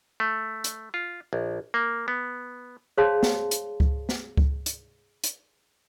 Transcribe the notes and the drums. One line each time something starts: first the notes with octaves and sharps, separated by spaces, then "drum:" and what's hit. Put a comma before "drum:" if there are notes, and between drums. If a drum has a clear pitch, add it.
A3
drum: hi-hat
F4
A#1
A#3
B3
G#4 C5 C#5 F5 A5 C6
drum: snare
drum: hi-hat
drum: kick C#2
drum: snare
drum: kick C#2
drum: hi-hat
drum: hi-hat